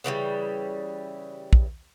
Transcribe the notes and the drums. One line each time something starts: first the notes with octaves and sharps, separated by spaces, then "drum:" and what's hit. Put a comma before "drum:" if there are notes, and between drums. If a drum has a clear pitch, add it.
C#3 E3 F3 G3
drum: kick